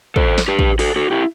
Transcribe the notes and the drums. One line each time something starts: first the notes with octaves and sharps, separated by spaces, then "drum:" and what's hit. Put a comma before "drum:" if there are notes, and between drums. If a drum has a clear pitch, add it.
A4 C5, drum: kick
drum: snare
G4 B4
drum: kick
F#4 A4, drum: open hi-hat
F#4 A4
E4 G4